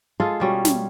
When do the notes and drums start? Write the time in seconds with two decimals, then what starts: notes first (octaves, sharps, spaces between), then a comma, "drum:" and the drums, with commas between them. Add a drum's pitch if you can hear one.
0.20 G#3 F4 G#4 A4
0.40 B2 G3 C#4
0.65 drum: snare